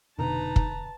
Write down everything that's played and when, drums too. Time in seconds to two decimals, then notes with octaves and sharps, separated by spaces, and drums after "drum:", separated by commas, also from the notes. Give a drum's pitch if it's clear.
0.19 F1 B2 D3 D#4 B4 A5 A#5
0.56 drum: kick